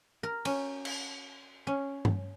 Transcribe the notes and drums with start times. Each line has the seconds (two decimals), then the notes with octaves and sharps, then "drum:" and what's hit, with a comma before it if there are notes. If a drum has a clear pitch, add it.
0.23 A#4
0.45 C#4, drum: cymbal
0.85 drum: cymbal
1.67 C#4
2.05 drum: tom G2